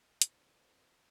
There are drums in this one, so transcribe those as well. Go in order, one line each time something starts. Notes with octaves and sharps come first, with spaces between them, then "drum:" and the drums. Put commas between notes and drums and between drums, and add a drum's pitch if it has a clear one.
B1 A#2 D3 E3 B3 C4, drum: hi-hat